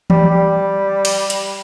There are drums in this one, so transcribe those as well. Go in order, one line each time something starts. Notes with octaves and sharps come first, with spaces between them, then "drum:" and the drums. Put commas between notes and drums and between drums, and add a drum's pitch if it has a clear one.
G3, drum: tom E3
G3
drum: cymbal
drum: hi-hat